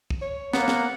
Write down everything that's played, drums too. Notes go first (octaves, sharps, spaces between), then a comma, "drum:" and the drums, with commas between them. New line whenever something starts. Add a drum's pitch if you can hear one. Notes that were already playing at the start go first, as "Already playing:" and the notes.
drum: kick
C#5
A#3 B3 F#5, drum: snare
drum: snare